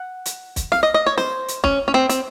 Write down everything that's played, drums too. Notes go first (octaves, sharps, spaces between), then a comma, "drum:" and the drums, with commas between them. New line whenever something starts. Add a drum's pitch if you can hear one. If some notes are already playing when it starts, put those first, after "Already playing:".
Already playing: F#5
drum: hi-hat
drum: kick, hi-hat
F5, drum: snare
D#5
D#5
C#5
C5, drum: snare
drum: hi-hat
C#4, drum: kick
C#4
C4
C4, drum: hi-hat